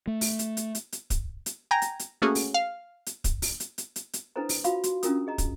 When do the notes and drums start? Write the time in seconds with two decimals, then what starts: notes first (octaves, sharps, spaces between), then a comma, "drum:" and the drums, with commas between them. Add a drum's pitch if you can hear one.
0.07 A3
0.21 drum: open hi-hat
0.39 drum: hi-hat
0.57 drum: hi-hat
0.75 drum: hi-hat
0.92 drum: hi-hat
1.10 drum: kick, hi-hat
1.46 drum: hi-hat
1.71 G5 G#5 A#5 A#6
1.82 drum: hi-hat
1.99 drum: hi-hat
2.22 A3 A#3 C#4 F#4 G#4
2.35 drum: open hi-hat
2.54 F5
3.06 drum: hi-hat
3.24 drum: kick, hi-hat
3.42 drum: open hi-hat
3.60 drum: hi-hat
3.78 drum: hi-hat
3.96 drum: hi-hat
4.13 drum: hi-hat
4.36 D4 E4 A4 B4 C5 A#5
4.49 drum: open hi-hat
4.64 F4 F#4 F5 B5, drum: hi-hat
4.84 F#4, drum: hi-hat
5.03 C#4 D4 F4 A#4 A#5 D#6, drum: hi-hat
5.27 G#4 D#5 A#5
5.38 drum: kick, hi-hat